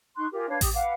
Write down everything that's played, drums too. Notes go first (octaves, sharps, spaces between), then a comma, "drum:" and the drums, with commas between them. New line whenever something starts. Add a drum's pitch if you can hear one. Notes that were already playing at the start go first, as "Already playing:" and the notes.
D#4 C6 C#6 F#6
F4 G4 G#4 A#4
D4 B4 C#5 F5
G4 D#6, drum: kick A1, open hi-hat
B4 F5 F#5 D6